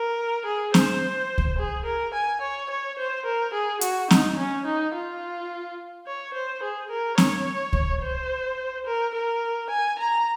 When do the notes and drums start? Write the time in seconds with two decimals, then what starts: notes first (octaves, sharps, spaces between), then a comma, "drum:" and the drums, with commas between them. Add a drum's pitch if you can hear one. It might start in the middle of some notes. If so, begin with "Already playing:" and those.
Already playing: A#4
0.46 G#4
0.74 C5, drum: snare C4
1.38 drum: kick C#2
1.58 G#4
1.85 A#4
2.14 G#5
2.41 C#5
2.70 C#5
2.98 C5
3.25 A#4
3.53 G#4
3.81 F#4, drum: hi-hat
4.11 D#4, drum: snare C4
4.38 C#4
4.65 D#4
4.94 F4
6.07 C#5
6.34 C5
6.63 G#4
6.90 A#4
7.18 C#5, drum: snare C4
7.73 drum: kick C#2
8.02 C5
8.86 A#4
9.14 A#4
9.70 G#5
9.99 A#5